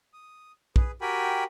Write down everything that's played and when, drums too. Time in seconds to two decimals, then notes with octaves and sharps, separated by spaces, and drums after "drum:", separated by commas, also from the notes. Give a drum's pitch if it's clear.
0.13 D#6
0.76 G#4 B4, drum: kick
1.01 F#4 G4 A#4 G5 G#5 B5